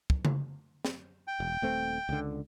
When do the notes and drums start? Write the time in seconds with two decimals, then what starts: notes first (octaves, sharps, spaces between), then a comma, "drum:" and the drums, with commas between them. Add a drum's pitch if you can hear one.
0.10 drum: kick
0.25 drum: tom C#3
0.85 drum: snare
1.27 G5
1.40 E1
1.62 D#1 A3 C4
2.09 C#2 D3